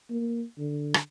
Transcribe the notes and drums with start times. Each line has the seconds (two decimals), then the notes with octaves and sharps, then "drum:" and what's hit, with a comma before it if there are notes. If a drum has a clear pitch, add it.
0.10 A#3
0.58 D3
0.94 drum: rim click